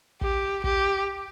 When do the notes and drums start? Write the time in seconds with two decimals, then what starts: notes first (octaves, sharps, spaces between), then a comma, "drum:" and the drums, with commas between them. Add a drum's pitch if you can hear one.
0.21 G4, drum: kick
0.64 G4, drum: kick